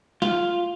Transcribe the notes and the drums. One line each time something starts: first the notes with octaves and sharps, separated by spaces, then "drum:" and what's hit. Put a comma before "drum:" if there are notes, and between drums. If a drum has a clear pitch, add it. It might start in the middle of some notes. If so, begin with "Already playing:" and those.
F4, drum: snare